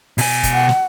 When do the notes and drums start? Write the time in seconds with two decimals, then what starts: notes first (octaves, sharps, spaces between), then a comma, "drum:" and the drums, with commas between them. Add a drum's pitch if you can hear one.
0.18 B2 G#5, drum: open hi-hat
0.43 drum: kick, hi-hat
0.53 F#5
0.69 drum: snare